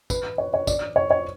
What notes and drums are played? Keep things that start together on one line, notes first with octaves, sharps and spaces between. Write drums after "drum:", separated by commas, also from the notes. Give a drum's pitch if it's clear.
B4, drum: kick, tambourine
C#5
C#5
D5, drum: kick, tambourine
C#5
C#5